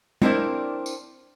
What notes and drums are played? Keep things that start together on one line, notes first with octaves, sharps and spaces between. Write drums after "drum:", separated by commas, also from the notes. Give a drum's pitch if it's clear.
C4 D4 E4 A#4 C5 D5, drum: tom
drum: tambourine